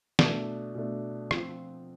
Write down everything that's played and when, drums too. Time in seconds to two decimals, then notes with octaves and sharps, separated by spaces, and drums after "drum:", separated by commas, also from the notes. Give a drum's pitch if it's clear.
0.19 B2 A3 D4, drum: snare
0.75 B2 A3 D4
1.31 F3 C4 F4, drum: rim click